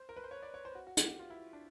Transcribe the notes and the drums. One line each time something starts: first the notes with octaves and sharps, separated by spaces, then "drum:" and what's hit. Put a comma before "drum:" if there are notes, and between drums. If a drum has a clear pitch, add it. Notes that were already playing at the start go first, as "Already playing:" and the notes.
Already playing: C5
A#4
B4
C5
C#5
D5
C#5
C5
F#4
F#4
G4, drum: hi-hat
F#4
F4
E4
D4